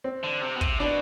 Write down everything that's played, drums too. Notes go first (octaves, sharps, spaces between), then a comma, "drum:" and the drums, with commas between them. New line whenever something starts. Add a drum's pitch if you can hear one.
C4
D3
C3
B2
C3, drum: kick
B2 D4